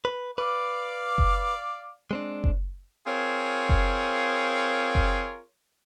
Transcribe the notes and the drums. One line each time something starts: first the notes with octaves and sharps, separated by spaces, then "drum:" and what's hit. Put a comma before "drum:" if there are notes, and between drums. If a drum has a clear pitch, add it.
B4
B4 D5 F5 D6
drum: kick F#1
G#3 C4 D4
drum: kick F#1
C4 F4 G#4 A#4 C#5
drum: kick F#1
drum: kick F#1